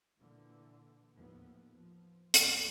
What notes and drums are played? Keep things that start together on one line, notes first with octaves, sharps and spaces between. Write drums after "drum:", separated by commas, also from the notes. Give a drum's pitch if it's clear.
A#2 D3 E3
D#2 A2 F3 B3
F3
C2 F#2 A2 E3 F3, drum: hi-hat